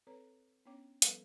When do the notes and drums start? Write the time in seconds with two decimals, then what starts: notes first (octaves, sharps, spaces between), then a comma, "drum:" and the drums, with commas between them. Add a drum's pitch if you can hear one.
0.07 C4 A4 B4 C#5 A#5
0.65 B3 C#4 D4 C#5 G5 D6
1.02 F3 G3 B3 A4 B4, drum: hi-hat